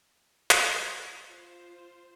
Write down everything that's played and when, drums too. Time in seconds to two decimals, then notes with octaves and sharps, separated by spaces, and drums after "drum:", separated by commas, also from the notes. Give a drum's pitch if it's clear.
0.51 drum: clap
1.26 F4 C5